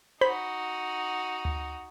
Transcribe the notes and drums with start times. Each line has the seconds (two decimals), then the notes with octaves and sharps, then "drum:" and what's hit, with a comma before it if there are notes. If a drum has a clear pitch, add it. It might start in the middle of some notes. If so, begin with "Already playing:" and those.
0.21 D#4 F#4 C5 B5
1.45 drum: tom D2